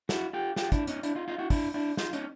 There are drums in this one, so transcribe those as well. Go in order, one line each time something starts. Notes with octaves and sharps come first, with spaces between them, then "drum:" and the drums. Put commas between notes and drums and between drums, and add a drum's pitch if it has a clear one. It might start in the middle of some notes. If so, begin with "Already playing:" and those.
E4 F#4, drum: snare
F4 G4
F4 G4, drum: snare
D4 E4, drum: kick, hi-hat
C#4 D#4, drum: hi-hat
D4 E4, drum: hi-hat
D#4 F4
D#4 F4
E4 F#4
D4 E4, drum: kick, open hi-hat
D4 E4
D#4 F4, drum: snare
C#4 D#4, drum: hi-hat